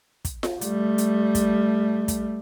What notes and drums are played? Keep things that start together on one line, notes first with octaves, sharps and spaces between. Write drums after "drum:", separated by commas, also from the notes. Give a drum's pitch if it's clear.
drum: kick, hi-hat
drum: snare F4
G3 A3, drum: hi-hat
drum: hi-hat
drum: kick, hi-hat
drum: kick, hi-hat